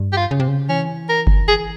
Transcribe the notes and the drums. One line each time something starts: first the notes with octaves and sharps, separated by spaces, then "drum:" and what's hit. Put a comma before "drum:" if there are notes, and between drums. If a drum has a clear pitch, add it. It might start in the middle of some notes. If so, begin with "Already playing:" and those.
Already playing: G2
G4
F4
C#3
C3
C#3
E3 C#4
A#4
drum: kick F#1
G#4